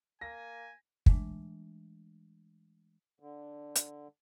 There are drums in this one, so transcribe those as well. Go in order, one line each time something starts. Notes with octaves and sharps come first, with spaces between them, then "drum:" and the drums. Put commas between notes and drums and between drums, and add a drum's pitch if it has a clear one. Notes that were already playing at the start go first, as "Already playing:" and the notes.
A#3 G#5 A#6
E3 G#3 A3 D4, drum: kick
D3
drum: hi-hat